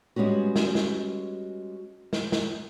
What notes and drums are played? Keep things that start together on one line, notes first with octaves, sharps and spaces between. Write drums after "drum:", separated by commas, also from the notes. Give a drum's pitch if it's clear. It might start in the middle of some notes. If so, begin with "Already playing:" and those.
G3 G#3 B3 C#4 F#4
drum: snare
drum: snare
drum: snare
drum: snare